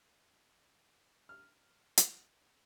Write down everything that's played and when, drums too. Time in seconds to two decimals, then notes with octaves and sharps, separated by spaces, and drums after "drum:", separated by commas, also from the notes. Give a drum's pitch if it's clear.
1.29 F6
1.97 drum: hi-hat